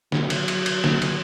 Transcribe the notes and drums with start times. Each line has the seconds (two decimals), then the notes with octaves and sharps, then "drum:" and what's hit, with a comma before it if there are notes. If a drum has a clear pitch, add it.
0.12 F#3, drum: snare
0.30 drum: cymbal
0.48 drum: cymbal
0.66 drum: cymbal
0.84 drum: snare
1.02 drum: cymbal